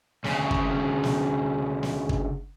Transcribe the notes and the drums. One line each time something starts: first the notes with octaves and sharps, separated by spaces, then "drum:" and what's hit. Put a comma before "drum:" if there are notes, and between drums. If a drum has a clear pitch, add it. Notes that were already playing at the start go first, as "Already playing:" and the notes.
D2 C#3, drum: snare
drum: kick
drum: snare
drum: snare
drum: kick